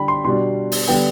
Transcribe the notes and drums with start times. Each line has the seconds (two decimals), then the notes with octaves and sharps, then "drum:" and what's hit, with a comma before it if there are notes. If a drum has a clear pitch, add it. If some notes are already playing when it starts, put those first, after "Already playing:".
Already playing: D3 G3 D4 G5 B5
0.08 C6
0.25 B2 G3 D4 C6
0.72 drum: open hi-hat
0.88 D3 G3 B3 D4 G5